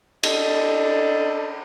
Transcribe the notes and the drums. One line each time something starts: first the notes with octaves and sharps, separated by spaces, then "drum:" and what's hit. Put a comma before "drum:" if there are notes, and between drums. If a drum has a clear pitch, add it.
D4 A4 D#5, drum: cymbal